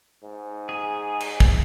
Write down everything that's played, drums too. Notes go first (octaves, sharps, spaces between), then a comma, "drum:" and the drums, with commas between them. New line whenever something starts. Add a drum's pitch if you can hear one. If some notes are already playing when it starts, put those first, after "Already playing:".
G#2
G#4
drum: cymbal
drum: kick